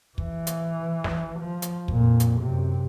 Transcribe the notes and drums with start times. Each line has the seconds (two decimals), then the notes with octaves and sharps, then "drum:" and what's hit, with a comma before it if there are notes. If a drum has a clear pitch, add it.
0.18 E3, drum: kick
0.47 drum: hi-hat
1.04 drum: snare
1.39 F3
1.62 drum: hi-hat
1.88 F2 A#2, drum: kick
2.20 drum: hi-hat
2.40 F#2 C3